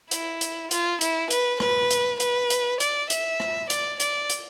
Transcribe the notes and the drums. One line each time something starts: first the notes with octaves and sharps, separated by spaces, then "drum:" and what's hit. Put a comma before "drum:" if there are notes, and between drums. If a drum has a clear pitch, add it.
E4, drum: hi-hat
drum: hi-hat
F4, drum: hi-hat
E4, drum: hi-hat
B4, drum: hi-hat
B4, drum: rim click
drum: hi-hat
B4, drum: hi-hat
drum: hi-hat
D5, drum: hi-hat
E5, drum: hi-hat
drum: rim click
D5, drum: hi-hat
D5, drum: hi-hat
drum: hi-hat